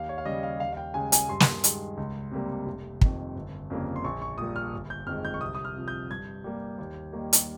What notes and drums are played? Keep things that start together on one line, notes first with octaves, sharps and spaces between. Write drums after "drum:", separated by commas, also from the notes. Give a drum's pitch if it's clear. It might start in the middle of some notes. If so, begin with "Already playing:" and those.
Already playing: D#2 F5
C#5
F5
C#3 G3 D#5
F5
D#2 F5
F5
G5
C#3 G#3 G#5
G#5, drum: hi-hat
G2 C6
drum: snare
D#3 G#3, drum: hi-hat
C#2
C3 G3 A#3
F1
F2 D#3, drum: kick
G1
F2 C#3 G3 A#3
C6
A#1 C#6
C#6
A#2 G3 A#3 D#6
F6
G1
G6
F2 D#3 G#3 F6
G6
C#6
C2 D#6
D#6
F6
C3 F3
G6
G2 G#6
G3 A#3
D#2
D#3 G3 A#3
drum: hi-hat